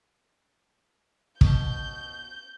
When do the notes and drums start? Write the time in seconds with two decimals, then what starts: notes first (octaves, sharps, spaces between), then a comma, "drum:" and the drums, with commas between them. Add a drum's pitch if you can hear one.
1.41 B2 A5 G6, drum: kick